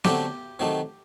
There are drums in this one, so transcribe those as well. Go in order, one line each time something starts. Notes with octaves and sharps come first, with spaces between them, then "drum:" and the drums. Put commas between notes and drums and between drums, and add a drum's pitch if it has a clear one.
D3 F#3 A3 C4 G4, drum: snare B3
C3 D#3 F#3 A3